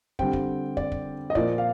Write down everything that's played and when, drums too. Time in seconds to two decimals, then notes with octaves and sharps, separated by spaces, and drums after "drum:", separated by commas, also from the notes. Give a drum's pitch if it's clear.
0.19 D3 G3 C4 G5, drum: kick
0.33 drum: kick
0.77 D5, drum: kick
0.92 drum: kick
1.30 D#5
1.35 A#2 F3 A#3 D5, drum: kick
1.58 F5